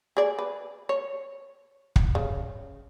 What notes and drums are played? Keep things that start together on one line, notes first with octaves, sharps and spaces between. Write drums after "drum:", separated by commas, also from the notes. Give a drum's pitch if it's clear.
G#4 D5
B4
C#5
drum: kick
C#3